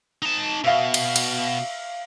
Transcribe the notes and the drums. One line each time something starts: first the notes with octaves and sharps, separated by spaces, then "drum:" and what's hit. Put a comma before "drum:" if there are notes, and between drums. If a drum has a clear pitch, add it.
D#4 A5
B2 E5 F5
drum: cymbal
drum: cymbal